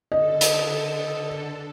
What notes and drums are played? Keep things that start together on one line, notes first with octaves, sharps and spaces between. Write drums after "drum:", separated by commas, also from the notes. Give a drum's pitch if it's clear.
D3 A4 D#5
drum: hi-hat